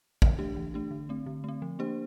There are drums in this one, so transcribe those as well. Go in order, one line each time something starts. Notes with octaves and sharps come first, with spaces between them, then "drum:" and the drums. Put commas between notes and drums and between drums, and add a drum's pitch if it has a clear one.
E3, drum: kick A1
A3 D4 G4
E3
A3 D4 G4
D3
A3 C4
D3
A3 C4
F3
A#3 D4 G4 C5